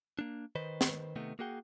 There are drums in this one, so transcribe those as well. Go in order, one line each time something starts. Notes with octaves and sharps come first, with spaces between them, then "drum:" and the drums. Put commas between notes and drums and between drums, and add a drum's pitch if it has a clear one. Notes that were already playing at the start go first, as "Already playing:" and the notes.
A#3 D4
D#3 B4 C5 D#5
drum: snare
C3 D#3 A3 B3
A#3 F#4 G#4 F#5 G5